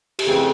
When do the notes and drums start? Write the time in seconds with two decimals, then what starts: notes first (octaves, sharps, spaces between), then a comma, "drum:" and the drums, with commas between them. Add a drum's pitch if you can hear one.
0.19 G4, drum: cymbal
0.26 F2 C#3 E3 A3 C4 G#4